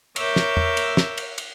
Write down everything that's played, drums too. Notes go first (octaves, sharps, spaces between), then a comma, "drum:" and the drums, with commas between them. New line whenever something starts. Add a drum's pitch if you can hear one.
A#4 C#5 E5 D6 E6 G6, drum: cymbal
drum: snare
drum: tom E2
drum: cymbal
drum: snare
drum: cymbal
drum: cymbal